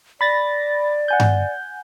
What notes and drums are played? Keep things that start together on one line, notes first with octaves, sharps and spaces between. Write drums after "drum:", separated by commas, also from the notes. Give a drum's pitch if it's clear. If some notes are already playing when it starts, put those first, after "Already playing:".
D5 B5 A6 A#6
F#5 G#5 G6
drum: tom G2